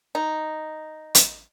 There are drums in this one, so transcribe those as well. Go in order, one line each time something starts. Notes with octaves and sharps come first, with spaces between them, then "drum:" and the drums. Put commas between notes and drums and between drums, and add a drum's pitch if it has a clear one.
D#4
drum: hi-hat